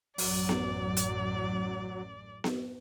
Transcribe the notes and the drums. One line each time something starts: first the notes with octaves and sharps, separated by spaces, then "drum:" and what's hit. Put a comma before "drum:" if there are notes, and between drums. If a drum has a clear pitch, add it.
A1 F#2 F#3 D5, drum: open hi-hat
drum: snare B3
drum: hi-hat
drum: snare B3